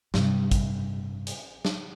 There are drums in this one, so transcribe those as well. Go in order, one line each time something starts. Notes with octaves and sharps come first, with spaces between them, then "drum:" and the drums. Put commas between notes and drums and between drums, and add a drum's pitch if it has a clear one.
G2 C3, drum: snare
drum: kick, hi-hat
drum: hi-hat
drum: snare